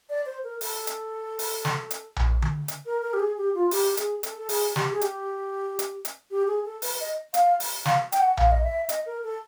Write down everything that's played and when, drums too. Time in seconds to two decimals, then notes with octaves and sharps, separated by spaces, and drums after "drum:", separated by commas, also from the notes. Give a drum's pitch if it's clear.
0.10 D5
0.26 C5
0.44 A#4
0.61 A4, drum: open hi-hat
0.87 drum: hi-hat
1.39 drum: open hi-hat
1.65 drum: snare
1.91 drum: hi-hat
2.16 drum: tom A#1
2.42 drum: tom D3
2.68 drum: hi-hat
2.86 A#4
3.02 A#4
3.13 G4
3.20 G#4
3.37 G4
3.55 F4
3.71 G4, drum: open hi-hat
3.97 G#4, drum: hi-hat
4.23 A4, drum: hi-hat
4.38 A4
4.49 G#4, drum: open hi-hat
4.76 G4, drum: snare
4.92 G#4
5.01 G4, drum: hi-hat
5.79 drum: hi-hat
6.05 drum: hi-hat
6.31 G4
6.47 G#4
6.65 A4
6.82 B4, drum: open hi-hat
7.00 D#5
7.34 F5, drum: hi-hat
7.60 drum: open hi-hat
7.85 F5, drum: snare
8.12 G5, drum: hi-hat
8.20 F#5
8.37 F5, drum: tom A#1
8.52 D#5
8.63 E5
8.89 D#5, drum: hi-hat
9.06 A#4
9.24 A4